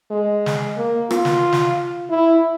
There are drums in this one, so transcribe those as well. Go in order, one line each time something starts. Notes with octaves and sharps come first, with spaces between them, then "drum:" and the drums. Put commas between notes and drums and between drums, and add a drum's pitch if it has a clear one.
G#3
drum: snare
A#3
F4, drum: rim click
drum: snare
drum: snare
E4